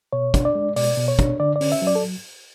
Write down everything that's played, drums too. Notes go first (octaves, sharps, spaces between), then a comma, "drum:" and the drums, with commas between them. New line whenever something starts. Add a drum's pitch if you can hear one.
B2 C#5
D4, drum: kick, hi-hat
D5
G#3
B2 D5, drum: open hi-hat
B2
C#5
D4, drum: kick, hi-hat
D3 D5
D5
C#4, drum: open hi-hat
E5
F#3
D5
A4